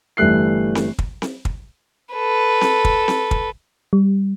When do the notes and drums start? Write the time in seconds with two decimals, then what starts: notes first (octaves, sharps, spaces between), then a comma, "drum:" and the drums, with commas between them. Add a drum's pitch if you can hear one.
0.17 G1 E3 G3 A3 F#6 C7
0.75 drum: snare C4
0.99 drum: kick
1.22 drum: snare C4
1.45 drum: kick
2.15 A4 B4
2.61 drum: snare C4
2.85 drum: kick
3.08 drum: snare C4
3.31 drum: kick
3.93 G3